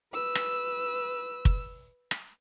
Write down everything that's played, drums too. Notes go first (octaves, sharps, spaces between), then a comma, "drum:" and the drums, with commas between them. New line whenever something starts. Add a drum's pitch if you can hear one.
B4 E6
drum: rim click
drum: kick
drum: rim click